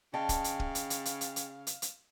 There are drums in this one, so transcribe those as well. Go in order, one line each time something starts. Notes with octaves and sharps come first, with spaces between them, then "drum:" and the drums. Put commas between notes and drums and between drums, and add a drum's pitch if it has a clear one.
C#3 D#5 F5 G5 A5 D6
drum: kick, hi-hat
drum: hi-hat
drum: kick
drum: hi-hat
drum: hi-hat
drum: hi-hat
drum: hi-hat
drum: hi-hat
drum: hi-hat
drum: hi-hat